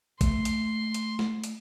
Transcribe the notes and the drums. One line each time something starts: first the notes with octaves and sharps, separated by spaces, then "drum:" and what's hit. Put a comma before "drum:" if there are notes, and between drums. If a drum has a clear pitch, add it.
A3 A#3 C6, drum: kick A1, hi-hat
drum: hi-hat
drum: hi-hat
drum: snare
drum: hi-hat